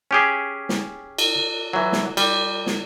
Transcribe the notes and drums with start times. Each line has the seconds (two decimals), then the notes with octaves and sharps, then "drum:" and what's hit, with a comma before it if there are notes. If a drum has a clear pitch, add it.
0.11 C#4 G4 G#4
0.69 drum: snare
1.18 drum: cymbal
1.73 E3 F#3
1.93 drum: snare
2.17 G3, drum: cymbal
2.67 drum: snare